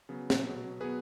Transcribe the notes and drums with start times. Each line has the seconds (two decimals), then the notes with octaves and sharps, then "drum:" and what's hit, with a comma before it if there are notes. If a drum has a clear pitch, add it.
0.09 C#3 F#3 B3
0.30 drum: snare
0.45 B2 F#3 B3
0.80 B2 F#3 B3 G#4 B4